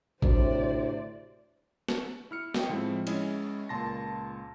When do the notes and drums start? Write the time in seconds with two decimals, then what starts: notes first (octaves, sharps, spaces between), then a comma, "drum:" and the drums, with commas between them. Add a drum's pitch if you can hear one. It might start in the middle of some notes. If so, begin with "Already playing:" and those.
0.22 D2 A2 C3 C5 D5, drum: kick A1
1.88 drum: snare
2.31 E4 F6 C#7
2.54 D#5 G5, drum: snare
2.69 A2 F3 G#3 C4 E4
3.07 G#3 C#4 E4 C#5 D#5, drum: cymbal
3.69 C#2 A#2 A5 C6 A#6